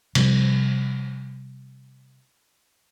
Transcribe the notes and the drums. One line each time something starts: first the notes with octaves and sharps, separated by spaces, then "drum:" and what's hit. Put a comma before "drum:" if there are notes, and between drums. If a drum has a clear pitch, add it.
C3 F3 G3, drum: cymbal